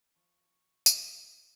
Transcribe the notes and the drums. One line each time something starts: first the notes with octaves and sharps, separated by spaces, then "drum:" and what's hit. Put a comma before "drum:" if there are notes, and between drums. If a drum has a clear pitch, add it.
F3 C#6
drum: tambourine